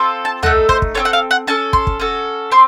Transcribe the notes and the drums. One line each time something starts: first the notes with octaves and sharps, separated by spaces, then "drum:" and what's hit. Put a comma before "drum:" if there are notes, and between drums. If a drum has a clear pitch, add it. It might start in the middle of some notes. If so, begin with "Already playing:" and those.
Already playing: C4 F4 A4
A5
A3 D#4 A4 F#5, drum: tom
C5, drum: kick
drum: kick
C4 F4 A4 C#5
F#5
F5
F#5
C#4 A4 A5
C6, drum: kick
drum: kick
C#4 F#4 A4
C4 C6